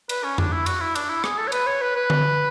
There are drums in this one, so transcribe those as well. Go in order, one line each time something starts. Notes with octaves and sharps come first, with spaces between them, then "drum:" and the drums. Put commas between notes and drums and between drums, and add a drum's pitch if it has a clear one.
B4, drum: cymbal
C#4
D4, drum: tom F2
E4
F#4, drum: cymbal
E4
D4, drum: cymbal
E4
G#4, drum: rim click
A4
C#5
B4, drum: cymbal
C#5
B4
B4
drum: tom D3